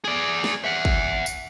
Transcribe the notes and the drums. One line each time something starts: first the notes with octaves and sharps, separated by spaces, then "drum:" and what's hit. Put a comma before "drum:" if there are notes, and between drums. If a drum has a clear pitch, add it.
G#4 D5
drum: snare
E5 F#5
drum: kick
drum: tambourine